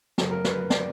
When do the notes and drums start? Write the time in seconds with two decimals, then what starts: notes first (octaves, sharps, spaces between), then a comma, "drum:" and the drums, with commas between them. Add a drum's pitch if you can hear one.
0.18 F#1 F#2 C#3 F#3 A4, drum: snare
0.31 A#4
0.44 B4, drum: snare
0.70 D5, drum: snare